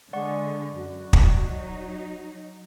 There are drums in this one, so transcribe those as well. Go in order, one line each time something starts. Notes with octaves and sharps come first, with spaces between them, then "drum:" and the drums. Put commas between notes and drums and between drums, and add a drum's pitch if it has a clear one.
D3 G#3 D5 F#5 C#6
F#2 F#4
drum: kick
F#3 D#4